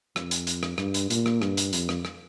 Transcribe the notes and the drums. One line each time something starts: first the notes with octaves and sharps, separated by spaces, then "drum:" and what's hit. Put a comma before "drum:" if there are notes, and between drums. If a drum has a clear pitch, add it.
F2, drum: rim click
drum: hi-hat
drum: hi-hat
drum: rim click
G2, drum: rim click
drum: hi-hat
A#2, drum: hi-hat
drum: rim click
G2, drum: rim click
drum: hi-hat
F2, drum: hi-hat
drum: rim click
drum: rim click